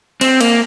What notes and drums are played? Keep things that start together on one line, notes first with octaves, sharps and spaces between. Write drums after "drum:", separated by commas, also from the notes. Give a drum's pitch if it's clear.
C4, drum: cymbal
A#3, drum: cymbal